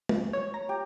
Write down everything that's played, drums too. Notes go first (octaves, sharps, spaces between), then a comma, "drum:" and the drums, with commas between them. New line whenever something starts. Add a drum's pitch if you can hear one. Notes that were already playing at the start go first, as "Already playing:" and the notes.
drum: tom
C#5
A#5
G4